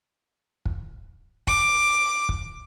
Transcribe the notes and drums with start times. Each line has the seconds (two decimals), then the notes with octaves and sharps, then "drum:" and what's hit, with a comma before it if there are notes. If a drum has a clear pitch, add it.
0.66 drum: kick
1.47 D6, drum: kick
2.29 drum: kick